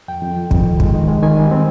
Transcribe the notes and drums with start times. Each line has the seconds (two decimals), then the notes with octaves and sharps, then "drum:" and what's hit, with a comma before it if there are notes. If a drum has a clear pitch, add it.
0.08 F2 G5
0.22 F2
0.36 F3
0.51 F2, drum: kick
0.66 D#3
0.80 G#3, drum: kick
0.94 D#3
1.08 G#3
1.22 D#3 G#5
1.37 G3
1.51 C4